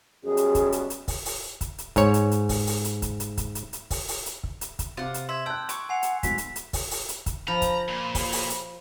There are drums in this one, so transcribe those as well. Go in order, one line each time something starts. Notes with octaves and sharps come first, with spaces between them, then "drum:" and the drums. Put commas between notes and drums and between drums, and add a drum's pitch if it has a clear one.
F#2 B2 G3 G#4
drum: hi-hat
drum: kick, hi-hat
drum: hi-hat
drum: hi-hat
drum: kick, open hi-hat
drum: open hi-hat
drum: kick, hi-hat
drum: hi-hat
G#2 C#5, drum: kick, hi-hat
drum: hi-hat
drum: hi-hat
drum: kick, open hi-hat
drum: open hi-hat
drum: hi-hat
drum: kick, hi-hat
drum: hi-hat
drum: kick, hi-hat
drum: hi-hat
drum: hi-hat
drum: kick, open hi-hat
drum: open hi-hat
drum: hi-hat
drum: kick
drum: hi-hat
drum: kick, hi-hat
C3 F4 F#5 D6
drum: hi-hat
E5 C6 G#6
G5 A5 E6 F#6
C#6 D6, drum: hi-hat
F#5 G#5 C7 F7
drum: hi-hat
C2 G#2 B2 B6, drum: kick, hi-hat
drum: hi-hat
drum: hi-hat
drum: kick, open hi-hat
drum: open hi-hat
drum: hi-hat
drum: kick, hi-hat
F3 A#5 B5
drum: kick, hi-hat
A#2
drum: kick, open hi-hat
drum: open hi-hat
drum: hi-hat